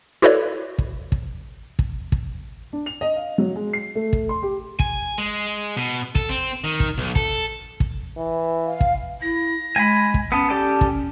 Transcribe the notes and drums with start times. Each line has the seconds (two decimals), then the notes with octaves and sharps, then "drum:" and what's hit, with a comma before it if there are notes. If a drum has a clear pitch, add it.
0.22 E4 F#4 A4 B4 C#5 D5
0.78 drum: kick
1.12 drum: kick
1.79 drum: kick
2.12 drum: kick
2.73 D4
2.86 F7
3.01 D#5
3.16 F5
3.38 F#3
3.56 G#3
3.73 C7
3.95 A3
4.13 drum: kick
4.29 C6
4.42 G4
4.79 G#5, drum: kick
5.18 G#3
5.77 B2
6.15 A4, drum: kick
6.29 C4
6.64 D#3
6.80 drum: kick
6.98 B1
7.15 A4, drum: kick
7.80 drum: kick
8.17 E3
8.66 F5
8.81 drum: kick
9.22 E4 A#6
9.76 G#3 G#5 B5
10.14 drum: kick
10.32 B3 C#4 A5
10.50 G4 A4 D5
10.81 drum: kick